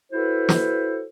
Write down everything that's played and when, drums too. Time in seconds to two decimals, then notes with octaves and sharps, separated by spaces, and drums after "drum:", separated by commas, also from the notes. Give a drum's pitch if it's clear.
0.12 E4 F#4 A4 B4 C5
0.49 drum: snare